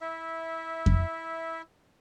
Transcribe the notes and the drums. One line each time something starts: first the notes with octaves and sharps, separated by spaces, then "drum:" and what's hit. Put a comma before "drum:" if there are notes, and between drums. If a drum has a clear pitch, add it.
E4 E5
drum: kick F2